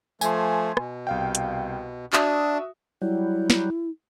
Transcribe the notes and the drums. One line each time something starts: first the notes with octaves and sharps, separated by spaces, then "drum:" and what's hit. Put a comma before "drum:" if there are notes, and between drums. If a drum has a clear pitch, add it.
F3 A3 G#5 C6, drum: tambourine
B2, drum: rim click
C2 F5 G5
drum: hi-hat
D4 F#4 E5 D#6, drum: clap
F#3 G3 E4
drum: snare